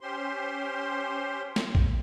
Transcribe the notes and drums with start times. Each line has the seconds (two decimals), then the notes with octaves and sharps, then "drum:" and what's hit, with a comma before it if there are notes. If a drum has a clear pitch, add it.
0.01 C#4 G4 C5 C6
1.56 drum: snare
1.75 drum: kick